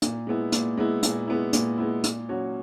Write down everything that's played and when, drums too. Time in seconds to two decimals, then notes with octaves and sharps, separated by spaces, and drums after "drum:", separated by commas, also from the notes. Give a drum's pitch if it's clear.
0.02 A#2, drum: hi-hat
0.27 G#3 B3 E4
0.52 A#2, drum: hi-hat
0.77 G#3 B3 E4
1.03 A#2, drum: hi-hat
1.27 G#3 B3 E4
1.53 A#2, drum: hi-hat
1.78 G#3 B3 E4
2.04 A#2, drum: hi-hat
2.29 F#3 C#4 F#4 C#5